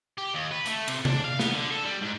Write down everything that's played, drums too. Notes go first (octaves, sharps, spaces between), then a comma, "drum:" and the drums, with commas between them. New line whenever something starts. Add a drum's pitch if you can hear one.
G4
D#2
B4
A3, drum: hi-hat
C3, drum: cymbal
D4, drum: tom C3
F5
B3, drum: snare
D3
A4
G3
G#2